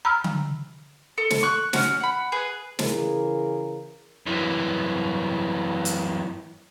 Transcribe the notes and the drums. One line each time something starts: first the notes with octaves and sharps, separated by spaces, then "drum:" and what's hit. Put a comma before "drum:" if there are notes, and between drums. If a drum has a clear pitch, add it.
A#5 B5 E6 F6
drum: tom D3
A4
drum: snare
C#6 F#6
C#4 F#4, drum: snare
F#5 B5
G#4 B4
C#3 E3 G#4 A#4, drum: snare
F#2 E3
drum: hi-hat